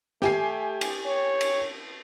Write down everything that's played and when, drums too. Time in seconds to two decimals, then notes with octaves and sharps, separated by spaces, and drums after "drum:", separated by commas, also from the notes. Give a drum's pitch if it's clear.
0.22 A3 G4 G#5 C7, drum: snare
0.81 drum: cymbal
1.06 C#5
1.41 drum: cymbal